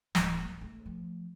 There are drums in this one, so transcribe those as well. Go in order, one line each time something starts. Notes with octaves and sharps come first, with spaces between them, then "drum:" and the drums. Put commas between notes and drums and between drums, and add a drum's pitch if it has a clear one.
D1, drum: snare
A#3
A3
F3